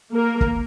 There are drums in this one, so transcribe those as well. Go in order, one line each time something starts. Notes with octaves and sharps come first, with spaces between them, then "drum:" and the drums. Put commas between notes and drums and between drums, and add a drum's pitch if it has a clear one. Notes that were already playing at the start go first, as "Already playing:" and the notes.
A#3 A#4
drum: kick